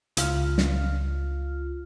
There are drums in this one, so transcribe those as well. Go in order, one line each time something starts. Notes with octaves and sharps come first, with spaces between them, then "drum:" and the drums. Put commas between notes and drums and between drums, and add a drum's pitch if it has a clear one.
C#2 F4 F6, drum: hi-hat
drum: snare